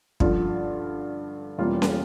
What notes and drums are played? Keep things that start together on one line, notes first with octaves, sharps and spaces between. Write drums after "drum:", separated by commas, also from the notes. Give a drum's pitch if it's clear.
G2 D3 F3 F4, drum: kick
E2 B2 G3 A#3 C#4 F4
drum: snare C#4